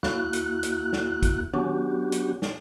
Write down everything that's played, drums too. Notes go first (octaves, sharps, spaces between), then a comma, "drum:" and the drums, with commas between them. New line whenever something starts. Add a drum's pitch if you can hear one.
D#2 A#3 E4 F#4 F#6, drum: snare
drum: hi-hat
drum: hi-hat
drum: snare
drum: kick A1, hi-hat
F#3 B3 C#4 D4 F#4 G4, drum: tom D#3
drum: hi-hat
drum: snare